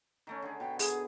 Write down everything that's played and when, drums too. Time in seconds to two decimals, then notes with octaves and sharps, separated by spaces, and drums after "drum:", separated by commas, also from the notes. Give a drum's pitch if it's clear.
0.27 D#3 A3 C#4
0.42 D3 G#4
0.60 B2 G5
0.79 G#4, drum: open hi-hat